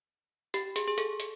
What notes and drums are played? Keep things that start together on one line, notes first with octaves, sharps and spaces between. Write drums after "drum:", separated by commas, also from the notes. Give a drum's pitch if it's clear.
G4, drum: hi-hat
G#4, drum: hi-hat
G#4
A4, drum: hi-hat
drum: hi-hat